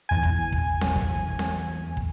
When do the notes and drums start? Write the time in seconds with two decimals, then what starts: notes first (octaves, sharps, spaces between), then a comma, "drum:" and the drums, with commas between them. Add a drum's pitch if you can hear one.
0.09 E2 G#5
0.23 drum: kick
0.52 drum: kick
0.81 drum: snare C4
0.96 drum: kick
1.39 drum: snare C4
1.97 drum: kick